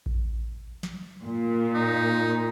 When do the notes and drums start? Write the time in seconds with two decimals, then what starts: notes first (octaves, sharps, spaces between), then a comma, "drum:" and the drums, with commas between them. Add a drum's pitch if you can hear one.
0.06 drum: kick A1
0.83 drum: snare
1.23 A#2
1.74 D#4